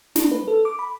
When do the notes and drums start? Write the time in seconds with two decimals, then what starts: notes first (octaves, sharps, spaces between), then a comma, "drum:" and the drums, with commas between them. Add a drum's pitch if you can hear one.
0.16 D4, drum: snare
0.32 B4
0.48 A4
0.65 D6
0.79 B5